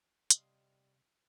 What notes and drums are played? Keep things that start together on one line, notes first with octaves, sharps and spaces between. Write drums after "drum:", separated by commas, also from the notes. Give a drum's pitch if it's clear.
C3 G3 D#5 F5 C6, drum: hi-hat